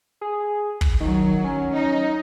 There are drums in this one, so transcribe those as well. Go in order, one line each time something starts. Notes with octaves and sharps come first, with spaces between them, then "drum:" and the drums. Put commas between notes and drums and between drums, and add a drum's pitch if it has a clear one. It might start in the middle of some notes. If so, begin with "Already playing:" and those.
G#4
drum: kick
D#3 F#3
C#4
D#4